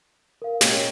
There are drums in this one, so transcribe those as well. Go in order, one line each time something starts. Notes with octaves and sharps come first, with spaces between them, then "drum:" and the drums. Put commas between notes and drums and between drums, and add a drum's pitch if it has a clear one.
A#4 F5
A#2 G#3 C#4 C#5 G5, drum: snare